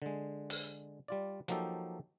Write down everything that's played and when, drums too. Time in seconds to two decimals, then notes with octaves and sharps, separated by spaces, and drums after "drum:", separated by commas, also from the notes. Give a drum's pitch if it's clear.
0.02 D3 G#3
0.50 drum: open hi-hat
1.08 G3 F4 D5
1.48 F3 F#3 A#3 D#4 G4 A4, drum: hi-hat